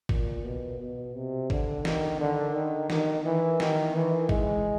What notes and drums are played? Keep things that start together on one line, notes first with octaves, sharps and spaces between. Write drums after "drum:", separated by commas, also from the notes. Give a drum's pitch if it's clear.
A#2, drum: kick G#1
B2
B2
C3
D3, drum: kick G#1
D#3, drum: snare
D3
D#3
D#3, drum: snare
E3
D#3, drum: snare
E3
G#3, drum: kick G#1